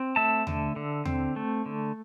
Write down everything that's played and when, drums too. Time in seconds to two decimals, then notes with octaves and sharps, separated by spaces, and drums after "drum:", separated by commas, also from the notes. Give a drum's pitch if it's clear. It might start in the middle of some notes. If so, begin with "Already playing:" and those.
Already playing: C4
0.16 A3 E5 A5
0.47 D3, drum: tom D#2
0.76 D3
1.05 C4, drum: tom D#2
1.36 A3
1.66 D3